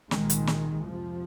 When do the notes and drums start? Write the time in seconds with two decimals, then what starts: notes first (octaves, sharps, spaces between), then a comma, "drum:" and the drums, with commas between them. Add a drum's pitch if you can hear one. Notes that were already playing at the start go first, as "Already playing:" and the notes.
0.11 C2 A#2 D#3 G#3, drum: snare
0.30 drum: hi-hat
0.47 drum: snare
0.83 F2 C3 F3